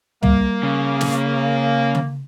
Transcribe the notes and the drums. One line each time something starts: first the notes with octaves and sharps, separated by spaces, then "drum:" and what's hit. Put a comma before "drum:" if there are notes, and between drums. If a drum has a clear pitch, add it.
G3 A#3, drum: tom
C#3
drum: snare
drum: tom C#3